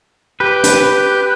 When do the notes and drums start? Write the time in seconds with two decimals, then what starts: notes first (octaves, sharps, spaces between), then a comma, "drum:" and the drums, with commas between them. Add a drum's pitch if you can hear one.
0.40 G4 B4
0.64 drum: hi-hat